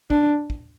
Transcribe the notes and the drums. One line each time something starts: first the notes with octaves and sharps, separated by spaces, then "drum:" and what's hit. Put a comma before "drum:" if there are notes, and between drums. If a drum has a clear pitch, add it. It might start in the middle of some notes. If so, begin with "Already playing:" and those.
D4, drum: kick
drum: kick